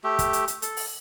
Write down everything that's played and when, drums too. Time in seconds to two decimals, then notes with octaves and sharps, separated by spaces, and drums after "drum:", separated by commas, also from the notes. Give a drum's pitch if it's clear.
0.04 A3 G4 E5
0.19 drum: kick, hi-hat
0.33 drum: hi-hat
0.48 drum: hi-hat
0.62 A4, drum: hi-hat
0.77 drum: open hi-hat